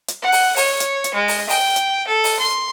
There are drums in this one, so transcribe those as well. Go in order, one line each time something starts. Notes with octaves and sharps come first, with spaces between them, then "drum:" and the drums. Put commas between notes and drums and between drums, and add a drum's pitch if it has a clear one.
drum: hi-hat
F#5
drum: open hi-hat
C#5, drum: open hi-hat
drum: hi-hat
drum: hi-hat
G#3
drum: open hi-hat
G5, drum: open hi-hat
drum: hi-hat
A4
drum: open hi-hat
C6